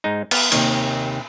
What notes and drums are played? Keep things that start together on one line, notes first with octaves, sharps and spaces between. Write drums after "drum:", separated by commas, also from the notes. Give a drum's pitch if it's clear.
G#2 D#4
B3 F5, drum: cymbal
D#2 C3 D#3, drum: cymbal